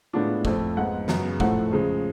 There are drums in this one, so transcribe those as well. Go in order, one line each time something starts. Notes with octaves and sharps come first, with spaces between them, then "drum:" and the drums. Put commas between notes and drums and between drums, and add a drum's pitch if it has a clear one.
A2 G#3 B3 D4 F4
F2 F3 A3, drum: kick
G#2 F3 B3 F#5
F#2 C#3 G#3 B3, drum: snare
A2 F3 A3 F#5, drum: kick
C#3 F3 G#3